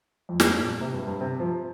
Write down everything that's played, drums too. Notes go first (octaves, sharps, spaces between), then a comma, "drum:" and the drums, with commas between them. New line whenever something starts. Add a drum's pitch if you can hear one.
F2
G2, drum: snare
A#2
C3
G2
G2
C3
F3